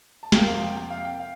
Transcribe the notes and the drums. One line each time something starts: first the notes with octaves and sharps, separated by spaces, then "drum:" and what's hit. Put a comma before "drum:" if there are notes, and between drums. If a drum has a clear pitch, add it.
A5
F2 C3 F3 A#3 G5, drum: snare
G5
F5
G5
G5
F5
G5
F5